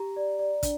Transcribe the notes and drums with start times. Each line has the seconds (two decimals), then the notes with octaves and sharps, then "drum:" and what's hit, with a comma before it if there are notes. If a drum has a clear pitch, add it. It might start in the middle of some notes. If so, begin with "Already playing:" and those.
Already playing: G4 A#5
0.16 D5
0.39 D5
0.63 D4, drum: kick, hi-hat